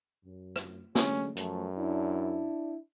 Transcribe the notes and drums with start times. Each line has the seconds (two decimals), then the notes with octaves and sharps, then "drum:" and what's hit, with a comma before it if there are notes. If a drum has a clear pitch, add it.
0.25 F#2
0.56 drum: rim click
0.95 D3 F#3 G#3 C#4, drum: snare
1.37 F#2 F3 A3, drum: hi-hat
1.76 D4 E4